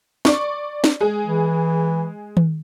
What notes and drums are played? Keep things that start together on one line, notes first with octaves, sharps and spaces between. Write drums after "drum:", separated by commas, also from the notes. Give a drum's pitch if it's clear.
D5 C#6, drum: snare
drum: snare
G#3 G#4
E3
drum: tom D#3